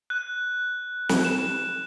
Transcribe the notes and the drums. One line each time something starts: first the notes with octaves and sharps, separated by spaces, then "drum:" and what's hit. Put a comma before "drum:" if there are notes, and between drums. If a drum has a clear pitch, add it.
F#6
drum: snare
F#6 E7